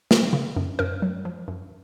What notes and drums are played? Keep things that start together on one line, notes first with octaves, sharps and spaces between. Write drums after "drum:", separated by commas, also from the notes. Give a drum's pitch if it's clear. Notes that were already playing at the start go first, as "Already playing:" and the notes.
A#3, drum: snare
C#3
F#2
F#2 A#4
F#3
F3
F#2